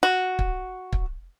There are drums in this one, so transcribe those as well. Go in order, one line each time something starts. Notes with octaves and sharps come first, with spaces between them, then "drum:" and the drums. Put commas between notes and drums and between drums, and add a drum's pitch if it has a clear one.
F#4
drum: kick
drum: kick